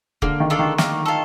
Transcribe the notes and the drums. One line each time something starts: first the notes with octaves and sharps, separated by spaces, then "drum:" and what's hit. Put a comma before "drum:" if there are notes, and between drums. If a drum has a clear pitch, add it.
D3 A#3, drum: kick E1
D#3
D4 F4 A4
D#3
A#3, drum: snare
F4 A4